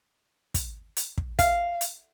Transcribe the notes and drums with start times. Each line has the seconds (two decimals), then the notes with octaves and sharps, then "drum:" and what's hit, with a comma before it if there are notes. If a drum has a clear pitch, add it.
0.54 drum: kick, hi-hat
0.97 drum: hi-hat
1.18 drum: kick
1.39 F5, drum: kick, hi-hat
1.81 drum: hi-hat